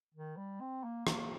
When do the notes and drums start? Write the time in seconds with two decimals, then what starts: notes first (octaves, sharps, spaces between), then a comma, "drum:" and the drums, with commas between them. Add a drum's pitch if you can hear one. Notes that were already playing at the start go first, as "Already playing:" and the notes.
0.14 D#3
0.37 G3
0.61 C4
0.83 A#3
1.07 A#3, drum: rim click